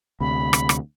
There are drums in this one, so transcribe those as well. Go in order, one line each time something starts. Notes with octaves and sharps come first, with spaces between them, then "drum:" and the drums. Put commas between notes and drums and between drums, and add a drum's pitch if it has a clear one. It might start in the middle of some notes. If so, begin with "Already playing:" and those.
D2 C3 B5
drum: rim click
drum: rim click